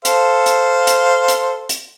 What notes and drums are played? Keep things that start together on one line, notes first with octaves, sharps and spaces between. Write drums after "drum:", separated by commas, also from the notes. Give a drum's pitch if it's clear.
A4 C5 F5, drum: hi-hat
drum: hi-hat
drum: hi-hat
drum: hi-hat
drum: hi-hat